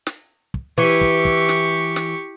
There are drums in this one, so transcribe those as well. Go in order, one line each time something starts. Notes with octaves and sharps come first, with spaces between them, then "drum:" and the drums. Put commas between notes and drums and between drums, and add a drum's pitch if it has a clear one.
drum: snare
drum: kick
E3 G4 C#6
drum: kick
drum: kick
drum: snare
drum: snare